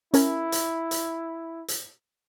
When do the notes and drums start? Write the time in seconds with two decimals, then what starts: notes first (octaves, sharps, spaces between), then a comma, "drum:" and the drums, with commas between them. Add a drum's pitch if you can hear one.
0.14 C#4 E4 A#4 G#5, drum: hi-hat
0.52 drum: hi-hat
0.91 drum: hi-hat
1.68 drum: hi-hat